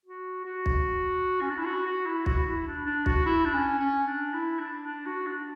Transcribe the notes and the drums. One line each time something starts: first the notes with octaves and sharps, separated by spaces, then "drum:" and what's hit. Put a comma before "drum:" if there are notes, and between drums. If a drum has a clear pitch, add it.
F#4
F#4
drum: kick B1
C#4
D4
E4
F#4
F#4
E4
F#4, drum: kick B1
E4
D4
D4
F#4, drum: kick B1
E4
D4
C#4
C#4
D4
E4
D4
D4
F#4
D4